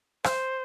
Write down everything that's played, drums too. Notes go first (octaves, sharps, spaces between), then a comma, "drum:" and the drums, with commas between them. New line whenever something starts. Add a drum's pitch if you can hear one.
C5, drum: rim click